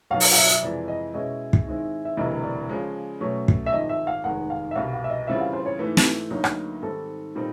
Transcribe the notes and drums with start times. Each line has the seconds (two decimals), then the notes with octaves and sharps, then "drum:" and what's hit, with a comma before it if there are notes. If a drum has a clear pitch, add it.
0.11 B1 B2 F#3 F5
0.20 drum: open hi-hat
0.32 F5
0.37 E5
0.49 E5
0.63 F2 C3 E3 G#3 D5
0.88 D#5
1.14 B2 G#3 C#4 E4 G#4 D#5
1.53 drum: kick
1.65 G#2 D#3 G#3 C4 E4
2.05 E5
2.17 E1 D2 C3 E3 G3 D#5
2.43 D5
2.69 C#3 F3 G#3
3.21 B2 F#3 A3 C#4
3.48 drum: kick
3.66 E5
3.72 G#1 G#2 F3 G#3 D#5
3.89 E5
4.07 F5
4.24 F1 D#2 D#3 G#3 F#5
4.50 F5
4.71 E5
4.75 C2 B2 G3 B3 F5
4.93 F5
5.04 E5
5.10 D#5
5.27 C#3 E3 G3 C4 F4 E5
5.41 F5
5.53 C5
5.66 C#5
5.79 G#2 E3 A3 B4
5.97 drum: snare
6.30 D2 D3 F#3 A#3 D#4
6.44 drum: rim click
6.82 G#2 D#3 G3 C4 A4
7.35 A#2 G3 C4 D#4